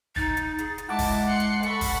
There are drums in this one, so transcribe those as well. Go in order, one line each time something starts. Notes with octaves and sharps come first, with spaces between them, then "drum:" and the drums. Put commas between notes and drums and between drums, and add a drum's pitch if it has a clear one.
D#4 A6, drum: kick
drum: hi-hat
G#4, drum: hi-hat
drum: hi-hat
G#3 E4 F#5 A5 D6
drum: kick, open hi-hat
C6 F#6 C#7
drum: hi-hat
A4 F#5 B5 C#6 C#7, drum: hi-hat
drum: kick, open hi-hat